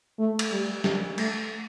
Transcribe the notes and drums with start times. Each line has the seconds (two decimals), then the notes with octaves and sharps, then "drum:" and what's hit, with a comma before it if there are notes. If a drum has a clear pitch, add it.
0.19 A3
0.39 drum: cymbal
0.52 G3
0.84 G3, drum: snare
1.18 A3, drum: cymbal